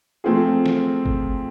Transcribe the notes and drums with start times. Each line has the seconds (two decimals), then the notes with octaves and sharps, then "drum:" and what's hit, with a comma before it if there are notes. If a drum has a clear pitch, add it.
0.24 F3 A3 C4 F4 G#4
0.66 drum: snare
1.06 drum: kick G1